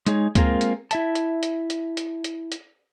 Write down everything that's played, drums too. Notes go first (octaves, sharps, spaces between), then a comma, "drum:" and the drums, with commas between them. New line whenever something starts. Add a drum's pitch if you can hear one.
G#3 D#4 G#4 C#5, drum: hi-hat
G#3 A#3 C4 F4 G#4 A#4, drum: kick C#2, hi-hat
drum: hi-hat
E4 E5 A5, drum: hi-hat
drum: hi-hat
drum: hi-hat
drum: hi-hat
drum: hi-hat
drum: hi-hat
drum: hi-hat